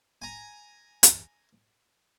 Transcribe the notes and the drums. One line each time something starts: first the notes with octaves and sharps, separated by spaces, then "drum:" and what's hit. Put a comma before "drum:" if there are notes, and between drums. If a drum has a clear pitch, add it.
G#5 A#5
drum: hi-hat